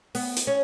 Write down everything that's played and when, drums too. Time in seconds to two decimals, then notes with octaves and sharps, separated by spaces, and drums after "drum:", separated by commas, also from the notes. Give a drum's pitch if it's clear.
0.15 B3, drum: open hi-hat
0.37 drum: hi-hat
0.47 C#4